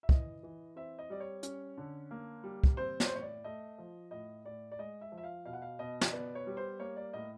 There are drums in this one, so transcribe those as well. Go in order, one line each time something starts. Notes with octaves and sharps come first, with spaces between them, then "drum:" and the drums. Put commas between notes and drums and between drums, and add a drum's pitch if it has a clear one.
E5
E3 D#5, drum: kick
E3
C4 E5
D#5
G3 D5
C#5
C#4, drum: hi-hat
D3
A#3
G3
drum: kick
C4 C5
C#5, drum: snare
C5
A2 C#5
D5
A3 D#5
F3
A2 D#5
A2 D5
D5
G#3 D#5
E5
F3
E5
F5
B2 F5
F#5
F5
B2 D#5
drum: snare
B3 D5
C#5
G3
C5
A#3 C#5
D5
A2 D#5